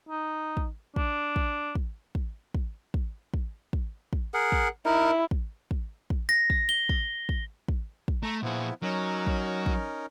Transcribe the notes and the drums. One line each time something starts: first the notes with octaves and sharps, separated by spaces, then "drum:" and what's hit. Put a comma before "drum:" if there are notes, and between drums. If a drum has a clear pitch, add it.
D#4
drum: kick
D4, drum: kick
drum: kick
drum: kick
drum: kick
drum: kick
drum: kick
drum: kick
drum: kick
drum: kick
G#4 A#4 F#5
drum: kick
D#4 E4 A#4
drum: kick
drum: kick
drum: kick
A#6
drum: kick
G7
drum: kick
drum: kick
drum: kick
drum: kick
A3 A#5
A#2 F3 B3 E4 G#4
F#3 C#4 D#4 A#4
drum: kick
drum: kick